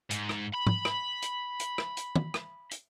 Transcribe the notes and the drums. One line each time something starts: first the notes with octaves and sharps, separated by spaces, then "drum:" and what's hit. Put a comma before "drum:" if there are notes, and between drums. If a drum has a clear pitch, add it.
G#2, drum: hi-hat
drum: rim click
B5
drum: tom
drum: rim click
drum: hi-hat
drum: hi-hat
drum: rim click
drum: hi-hat
drum: tom
drum: rim click
drum: hi-hat